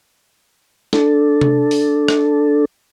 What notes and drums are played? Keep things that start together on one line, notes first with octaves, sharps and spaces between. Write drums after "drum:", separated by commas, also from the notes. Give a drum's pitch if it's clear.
D4 A4, drum: snare
drum: tom C3
drum: open hi-hat
drum: rim click